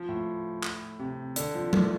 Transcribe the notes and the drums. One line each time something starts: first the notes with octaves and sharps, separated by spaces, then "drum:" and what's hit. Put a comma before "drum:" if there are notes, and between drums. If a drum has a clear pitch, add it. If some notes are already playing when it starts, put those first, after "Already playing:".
Already playing: F3
A2
drum: clap
C3
D3, drum: hi-hat
F3
A3, drum: tom F#3